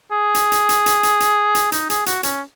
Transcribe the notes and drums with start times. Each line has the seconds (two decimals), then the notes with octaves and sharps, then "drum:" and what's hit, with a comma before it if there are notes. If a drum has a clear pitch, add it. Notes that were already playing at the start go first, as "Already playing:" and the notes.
0.12 G#4
0.35 drum: hi-hat
0.52 drum: hi-hat
0.69 drum: hi-hat
0.86 drum: hi-hat
1.03 drum: hi-hat
1.20 drum: hi-hat
1.55 drum: hi-hat
1.72 D#4, drum: hi-hat
1.90 G#4, drum: hi-hat
2.06 F#4, drum: hi-hat
2.23 C#4, drum: hi-hat